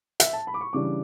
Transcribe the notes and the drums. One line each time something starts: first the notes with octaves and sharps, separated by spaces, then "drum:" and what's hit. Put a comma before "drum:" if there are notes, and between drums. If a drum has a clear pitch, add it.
E5, drum: hi-hat
A5
B5
D6
C#6
C#3 E3 G3 D4 D6